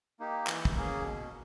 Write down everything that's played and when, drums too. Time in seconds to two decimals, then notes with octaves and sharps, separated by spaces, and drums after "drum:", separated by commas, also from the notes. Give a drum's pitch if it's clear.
0.20 A#3 D#4 G4
0.47 E3, drum: clap
0.65 drum: kick
0.76 A#3 C#4 G#4
1.02 B2